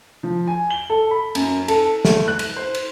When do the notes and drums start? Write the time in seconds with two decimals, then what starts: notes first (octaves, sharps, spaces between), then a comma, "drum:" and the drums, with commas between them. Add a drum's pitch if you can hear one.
0.23 F3
0.47 G#5
0.70 G7
0.90 A4
1.11 B5
1.35 F#2, drum: cymbal
1.68 A4, drum: cymbal
2.05 A3, drum: snare
2.28 F#6
2.39 drum: cymbal
2.56 C5
2.75 drum: cymbal